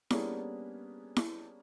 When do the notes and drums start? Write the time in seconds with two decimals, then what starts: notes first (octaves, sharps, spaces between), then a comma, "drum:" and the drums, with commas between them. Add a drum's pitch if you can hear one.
0.10 G3 A#3 B3 C#4 D4 G#4, drum: snare E4
1.16 drum: snare E4